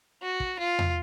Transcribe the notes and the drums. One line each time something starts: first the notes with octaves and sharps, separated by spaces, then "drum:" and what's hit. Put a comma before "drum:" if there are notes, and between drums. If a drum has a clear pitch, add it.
F#4
drum: kick
F4
drum: tom E2